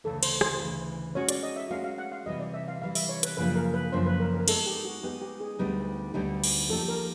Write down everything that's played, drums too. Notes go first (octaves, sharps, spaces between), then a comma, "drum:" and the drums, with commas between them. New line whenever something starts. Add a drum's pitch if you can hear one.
D2 C#3 E3 A4
C5, drum: cymbal
C5, drum: rim click
D2 C#3 E3
G#3 C#4 F#4 C#5
D5, drum: hi-hat
D#5
E5
G#3 C#4 F#4 F5
F5
F#5
F5
C3 E3 G3 D#5
D5
E5
F5
C3 E3 G3 F5
E5, drum: open hi-hat
C#5
B4, drum: hi-hat
F#2 C#3 F3 A#3 D4 B4
A#4
B4
F#2 C#3 F3 A#3 D4 C5
B4
A#4
A#4
G#3 B3 D#4 A4, drum: cymbal
G4
F#4
G#3 B3 D#4 G4
G4
G#4
D2 D3 G3 B3 D#4
D2 D3 G3 B3 D#4
drum: cymbal
F3 A#3 D#4 G4 A4
A#4